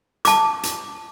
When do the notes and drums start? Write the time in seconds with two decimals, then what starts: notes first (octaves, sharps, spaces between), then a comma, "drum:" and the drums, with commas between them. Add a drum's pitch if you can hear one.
0.25 A5 D6, drum: hi-hat
0.63 drum: hi-hat